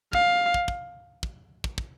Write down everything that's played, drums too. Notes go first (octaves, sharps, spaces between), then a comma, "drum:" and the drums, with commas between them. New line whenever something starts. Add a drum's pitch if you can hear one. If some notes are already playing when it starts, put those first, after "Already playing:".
F5, drum: kick
drum: kick
drum: kick
drum: kick
drum: kick
drum: kick